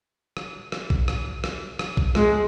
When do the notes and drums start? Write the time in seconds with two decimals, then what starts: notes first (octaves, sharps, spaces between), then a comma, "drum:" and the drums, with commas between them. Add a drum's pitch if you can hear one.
0.37 drum: rim click
0.72 drum: rim click
0.90 drum: kick A#1
1.08 drum: rim click
1.44 drum: rim click
1.79 drum: rim click
1.97 drum: kick A#1
2.15 G#3, drum: rim click